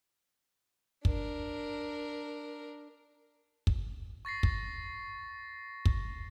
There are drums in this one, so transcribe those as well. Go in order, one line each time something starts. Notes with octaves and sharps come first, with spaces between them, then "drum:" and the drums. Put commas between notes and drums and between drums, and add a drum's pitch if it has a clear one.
D4 A#4, drum: kick
drum: kick
C#6 A6 A#6 C7
drum: kick
drum: kick